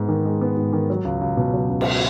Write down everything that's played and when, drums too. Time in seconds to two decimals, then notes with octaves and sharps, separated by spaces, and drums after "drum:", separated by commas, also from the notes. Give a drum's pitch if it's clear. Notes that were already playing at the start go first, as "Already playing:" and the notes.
Already playing: G#2 G#3 B3
0.08 D#3
0.25 G#3
0.41 B3
0.57 G#2
0.73 D#3
0.90 F#3
1.05 C#2
1.21 C#2
1.37 B2
1.54 F#3
1.69 C#2
1.81 drum: cymbal